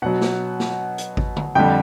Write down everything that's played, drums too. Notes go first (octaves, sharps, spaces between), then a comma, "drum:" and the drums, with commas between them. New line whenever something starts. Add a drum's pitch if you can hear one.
B2 F#3 F#5
drum: snare
drum: snare
drum: hi-hat
drum: kick G#1
drum: tom D3
F2 D3 G3 G5